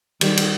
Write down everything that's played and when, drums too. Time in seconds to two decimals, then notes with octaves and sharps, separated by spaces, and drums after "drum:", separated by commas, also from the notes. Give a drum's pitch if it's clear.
0.21 D#3 G3, drum: cymbal
0.37 drum: cymbal